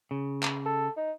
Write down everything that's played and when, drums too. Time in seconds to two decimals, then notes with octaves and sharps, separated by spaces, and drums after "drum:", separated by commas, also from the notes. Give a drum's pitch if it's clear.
0.11 C#3
0.43 drum: clap
0.65 A4
0.97 D#4